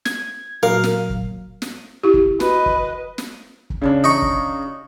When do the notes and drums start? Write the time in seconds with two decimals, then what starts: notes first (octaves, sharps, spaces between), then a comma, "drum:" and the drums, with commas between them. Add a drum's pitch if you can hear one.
0.05 G#6, drum: snare
0.63 A#2 F#3 A#4 F5
0.84 drum: snare
1.10 drum: kick
1.62 drum: snare
2.03 E4 G4
2.14 drum: kick
2.40 F#4 B4 D#5, drum: snare
2.66 drum: kick
3.18 drum: snare
3.70 drum: kick
3.82 C#3 C#4 D4
4.04 D#4 C#6
4.22 drum: kick